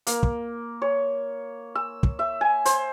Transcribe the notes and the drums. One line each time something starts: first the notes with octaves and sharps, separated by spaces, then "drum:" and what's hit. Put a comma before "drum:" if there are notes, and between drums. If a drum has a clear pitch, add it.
A#3, drum: hi-hat
drum: kick
C#5
E6
drum: kick
E5
G#5
C5, drum: hi-hat